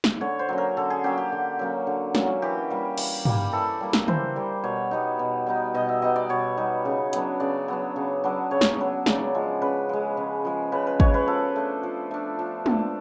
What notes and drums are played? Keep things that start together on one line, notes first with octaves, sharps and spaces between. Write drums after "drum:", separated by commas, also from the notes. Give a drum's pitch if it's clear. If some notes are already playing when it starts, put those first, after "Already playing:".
drum: snare
D3 C#5
C5
F#3 A#3 C#4
A#4
D3 A4
G#4
F#3 A#3 C#4 G4
G4
D3
F#3 A#3 C#4
D3
F#3 A#3 C#4, drum: snare
E3 G4
G3 A#3
E3, drum: cymbal
G3 A#3, drum: tom
E3 A4
G3 A#3
drum: snare
E3 C5, drum: tom
G3 A#3
B2 C#5
G3 B3 D#4
B2
G3 B3 D#4
B2 D#5
E5
G3 B3 D#4 D#5
D5
B2 C#5
G3 B3 D#4
C#3
F#3 B3 D4, drum: hi-hat
C#3 D5
F#3 B3 D4
C#3
F#3 B3 D4
C#3 C#5
drum: snare
F#3 B3 D4
C#3 D5, drum: snare
F3 G#3
C#3 B4
F3 G#3
C#3
F3 G#3
C#3 B4
B4
F3 G#3 C#5, drum: kick
B4
F3 A4
A3 D4
F3
A3 D4
F3
A3 D4, drum: tom